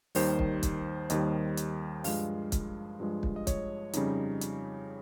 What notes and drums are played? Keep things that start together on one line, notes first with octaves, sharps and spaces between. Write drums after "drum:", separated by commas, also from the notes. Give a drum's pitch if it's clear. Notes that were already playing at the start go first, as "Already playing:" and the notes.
D#2 D#3 G3 C5, drum: open hi-hat
drum: kick
drum: kick, hi-hat
D#2 D#3 G3 D#5, drum: hi-hat
drum: hi-hat
G2 F3 G#3 F5, drum: open hi-hat
drum: kick, hi-hat
G2 F3 G#3
drum: kick
D#5
C#5, drum: kick, hi-hat
F2 C#3 G3 D#4, drum: hi-hat
drum: hi-hat